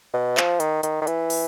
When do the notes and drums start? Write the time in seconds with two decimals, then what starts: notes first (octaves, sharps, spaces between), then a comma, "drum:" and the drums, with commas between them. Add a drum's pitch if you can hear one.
0.14 B2
0.37 F3, drum: clap
0.60 D#3, drum: hi-hat
0.83 D#3, drum: hi-hat
1.02 D#3
1.07 E3, drum: hi-hat
1.30 drum: open hi-hat